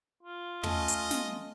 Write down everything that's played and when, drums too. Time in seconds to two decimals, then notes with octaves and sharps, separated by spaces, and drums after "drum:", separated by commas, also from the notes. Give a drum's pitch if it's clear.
0.23 F4
0.63 A3 C#4 D#5, drum: tom
0.88 drum: hi-hat
1.11 drum: snare